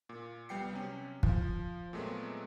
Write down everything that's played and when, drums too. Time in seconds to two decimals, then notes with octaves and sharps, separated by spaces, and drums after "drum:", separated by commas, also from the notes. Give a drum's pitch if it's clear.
0.09 A#2
0.49 C2 G3 B3 G5 C7 C#7
0.73 C3 F#3 C#4
1.23 F3, drum: kick
1.93 A#2 F#3 G#3 A3 B3 C4